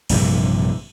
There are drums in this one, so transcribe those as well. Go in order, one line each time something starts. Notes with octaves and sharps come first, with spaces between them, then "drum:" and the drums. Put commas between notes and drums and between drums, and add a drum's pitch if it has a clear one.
A#1 G2 C3 E3, drum: cymbal